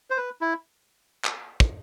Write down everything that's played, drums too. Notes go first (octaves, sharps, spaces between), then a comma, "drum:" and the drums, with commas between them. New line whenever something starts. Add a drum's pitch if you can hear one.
C5
B4
E4
drum: clap
drum: kick